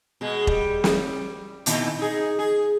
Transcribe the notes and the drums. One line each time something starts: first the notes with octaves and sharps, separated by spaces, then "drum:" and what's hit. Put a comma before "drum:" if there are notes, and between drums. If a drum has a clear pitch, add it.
B2 G#3
G3, drum: kick E1
drum: snare
A#2 D#3 E4, drum: hi-hat
D#4 G#4
G#4